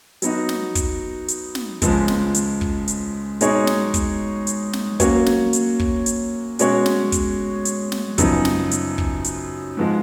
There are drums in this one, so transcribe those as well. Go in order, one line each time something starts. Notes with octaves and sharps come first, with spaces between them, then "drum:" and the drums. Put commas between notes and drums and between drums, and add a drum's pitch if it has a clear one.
F#3 B3 D#4 F#4, drum: hi-hat
drum: snare
drum: kick, hi-hat
drum: hi-hat
drum: snare
C#2 C#3 F3 G#3, drum: kick, hi-hat
drum: snare
drum: hi-hat
drum: kick
drum: hi-hat
B2 G#3 D#4 G#4 C#5, drum: hi-hat
drum: snare
drum: kick, hi-hat
drum: hi-hat
drum: snare
F#3 A#3 C#4 F#4 C#5, drum: kick, hi-hat
drum: snare
drum: hi-hat
drum: kick
drum: hi-hat
B2 G#3 C#4 F#4 C#5, drum: hi-hat
drum: snare
drum: kick, hi-hat
drum: hi-hat
drum: snare
F#2 C#3 F3 B3 D#4, drum: kick, hi-hat
drum: snare
drum: hi-hat
drum: kick
drum: hi-hat
G#2 F3 G#3